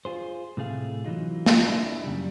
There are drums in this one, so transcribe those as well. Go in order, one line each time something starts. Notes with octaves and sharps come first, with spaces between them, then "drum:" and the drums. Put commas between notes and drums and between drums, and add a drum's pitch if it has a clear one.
F4 G#4 C5
A2 C3 A3 G#4 F5
E3 F#3 D#4 F4
drum: snare
D4 E4
F#2 C#3 G3